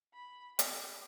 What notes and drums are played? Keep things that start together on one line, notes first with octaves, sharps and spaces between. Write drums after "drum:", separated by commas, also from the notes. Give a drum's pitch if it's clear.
B5
G4, drum: hi-hat